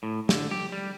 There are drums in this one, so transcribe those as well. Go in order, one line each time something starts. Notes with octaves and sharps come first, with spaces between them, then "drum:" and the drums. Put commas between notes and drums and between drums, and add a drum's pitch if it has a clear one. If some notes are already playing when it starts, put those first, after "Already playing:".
A2
D3, drum: snare
G4
G3